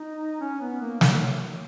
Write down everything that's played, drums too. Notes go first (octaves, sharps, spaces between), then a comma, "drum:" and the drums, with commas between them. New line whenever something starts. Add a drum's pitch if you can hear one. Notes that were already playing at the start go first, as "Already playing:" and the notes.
Already playing: D#4
C#4
B3
A#3
F#3, drum: snare